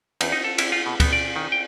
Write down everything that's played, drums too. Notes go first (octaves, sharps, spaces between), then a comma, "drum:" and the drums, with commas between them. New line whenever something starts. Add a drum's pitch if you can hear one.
E2, drum: cymbal
D#4
A4
E4, drum: cymbal
F4
B2
B3, drum: kick D2, cymbal
D5
D#3
G5